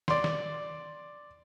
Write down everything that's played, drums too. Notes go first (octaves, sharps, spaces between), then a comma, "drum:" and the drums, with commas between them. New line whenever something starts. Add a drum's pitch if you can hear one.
D5 C6, drum: snare
drum: snare